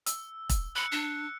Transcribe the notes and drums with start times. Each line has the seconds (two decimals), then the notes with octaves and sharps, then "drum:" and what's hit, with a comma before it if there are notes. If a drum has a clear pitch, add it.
0.06 E6, drum: hi-hat
0.49 drum: kick E1, hi-hat
0.76 B5 F#6 C#7
0.92 D4